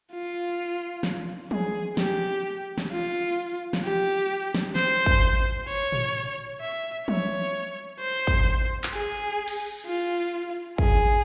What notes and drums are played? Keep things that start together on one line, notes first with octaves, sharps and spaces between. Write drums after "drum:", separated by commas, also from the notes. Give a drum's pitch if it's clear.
F4
drum: snare
G#4, drum: tom
G4, drum: snare
drum: snare
F4
drum: snare
G4
drum: snare
C5, drum: snare
drum: kick
C#5
drum: tom
E5
C#5, drum: tom
C5
drum: kick
drum: clap
G#4
drum: cymbal
F4
G#4, drum: kick